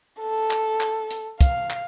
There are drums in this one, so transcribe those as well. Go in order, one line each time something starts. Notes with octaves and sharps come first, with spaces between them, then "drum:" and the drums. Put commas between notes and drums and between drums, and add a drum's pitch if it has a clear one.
A4
drum: clap
drum: clap
drum: hi-hat
F5, drum: kick, hi-hat
drum: clap